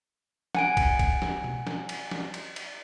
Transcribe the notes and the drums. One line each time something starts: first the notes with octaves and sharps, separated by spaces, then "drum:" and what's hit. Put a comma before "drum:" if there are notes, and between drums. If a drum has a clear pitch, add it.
F#5 G#5 D7, drum: snare
drum: kick, cymbal
drum: kick, cymbal
drum: snare
drum: tom B2
drum: snare
drum: cymbal
drum: snare
drum: cymbal
drum: cymbal